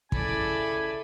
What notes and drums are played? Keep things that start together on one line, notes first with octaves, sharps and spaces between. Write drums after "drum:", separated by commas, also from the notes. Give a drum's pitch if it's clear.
C#3 E4 A4 D5 G#5 B5, drum: kick